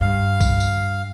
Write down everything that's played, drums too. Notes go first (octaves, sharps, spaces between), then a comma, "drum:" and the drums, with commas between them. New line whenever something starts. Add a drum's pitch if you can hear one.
G2 F5
drum: kick B1, tambourine
drum: tambourine